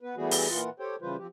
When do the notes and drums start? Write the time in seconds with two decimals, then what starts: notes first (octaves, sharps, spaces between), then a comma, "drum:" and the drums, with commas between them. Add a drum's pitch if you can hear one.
0.01 B3 B4
0.17 E3 G3 A3 B3 F#4 G#4
0.31 drum: open hi-hat
0.50 A#2 E3 F4 F#5
0.80 G4 A4 C5 C#5 G5
1.02 C#3 E3 G3 F4 B4 C5
1.18 F3 C4 G4